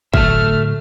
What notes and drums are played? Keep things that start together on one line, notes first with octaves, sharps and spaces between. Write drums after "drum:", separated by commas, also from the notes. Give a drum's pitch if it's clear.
A2 D3 F#3 A4 E5 F6, drum: kick